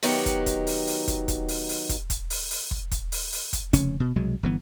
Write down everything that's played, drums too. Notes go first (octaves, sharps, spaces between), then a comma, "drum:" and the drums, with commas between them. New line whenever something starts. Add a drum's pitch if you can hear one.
D#3 F#3 B3 D#4 G4, drum: open hi-hat
drum: kick, hi-hat
drum: kick, hi-hat
drum: open hi-hat
drum: open hi-hat
drum: kick, hi-hat
drum: kick, hi-hat
drum: open hi-hat
drum: open hi-hat
drum: kick, hi-hat
drum: kick, hi-hat
drum: open hi-hat
drum: open hi-hat
drum: kick
drum: kick, hi-hat
drum: open hi-hat
drum: open hi-hat
drum: kick, hi-hat
F1 C#3 C#4, drum: kick, hi-hat
B2
C2 B2 F#3 G#3
G1 E3 B3